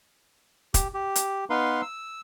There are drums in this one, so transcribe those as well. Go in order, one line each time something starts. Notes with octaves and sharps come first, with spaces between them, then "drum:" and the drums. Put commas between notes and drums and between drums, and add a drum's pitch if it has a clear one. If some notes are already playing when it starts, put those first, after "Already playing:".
G4, drum: kick, hi-hat
G4
drum: hi-hat
B3 D#4 B4 F5 C6
E6